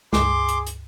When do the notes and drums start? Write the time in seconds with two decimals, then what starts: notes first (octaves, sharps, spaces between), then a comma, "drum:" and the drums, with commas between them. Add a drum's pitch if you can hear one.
0.13 C#2 G2 G#4 C6 D6, drum: snare
0.49 drum: hi-hat
0.67 drum: hi-hat